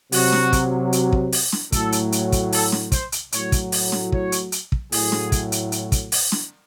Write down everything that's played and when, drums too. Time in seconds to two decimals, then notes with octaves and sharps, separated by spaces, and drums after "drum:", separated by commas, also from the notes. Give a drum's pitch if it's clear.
0.12 C3 F#3 F#4, drum: open hi-hat
0.33 drum: snare
0.53 drum: kick, hi-hat
0.93 drum: hi-hat
1.12 drum: kick
1.32 drum: open hi-hat
1.52 drum: snare
1.72 A2 F#3 A4, drum: kick, hi-hat
1.92 drum: hi-hat
2.12 drum: hi-hat
2.32 drum: kick, hi-hat
2.52 A4, drum: open hi-hat
2.72 drum: snare
2.92 C5, drum: kick, hi-hat
3.12 drum: hi-hat
3.32 A2 F#3 C#5, drum: hi-hat
3.52 drum: kick, hi-hat
3.72 drum: open hi-hat
3.92 drum: snare
4.12 C#5, drum: kick
4.32 drum: hi-hat
4.52 drum: hi-hat
4.72 drum: kick
4.92 A2 F#3 G#4, drum: open hi-hat
5.12 drum: snare
5.32 drum: kick, hi-hat
5.52 drum: hi-hat
5.72 drum: hi-hat
5.92 drum: kick, hi-hat
6.12 drum: open hi-hat
6.32 drum: snare